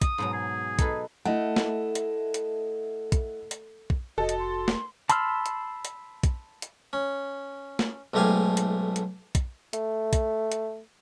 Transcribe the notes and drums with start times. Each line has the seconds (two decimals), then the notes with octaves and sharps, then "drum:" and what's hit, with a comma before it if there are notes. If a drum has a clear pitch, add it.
0.02 D#6, drum: kick, hi-hat
0.18 G#2 B2 F#3
0.33 G#4
0.79 D#4 A4 B4, drum: kick, hi-hat
1.25 A3 E4 D#5 F#5
1.56 drum: snare
1.95 drum: hi-hat
2.34 drum: hi-hat
3.12 drum: kick, hi-hat
3.51 drum: hi-hat
3.90 drum: kick
4.18 F1 F#4 A4 D#5
4.29 drum: hi-hat
4.38 C6
4.68 drum: snare
5.09 A5 B5 C6 E6 F6, drum: hi-hat
5.46 drum: hi-hat
5.85 drum: hi-hat
6.23 drum: kick, hi-hat
6.62 drum: hi-hat
6.93 C#4
7.79 drum: snare
8.14 B1 G#2 A3 G4 F5 G#5
8.57 drum: hi-hat
8.96 drum: hi-hat
9.35 drum: kick, hi-hat
9.73 A3, drum: hi-hat
10.13 drum: kick, hi-hat
10.52 drum: hi-hat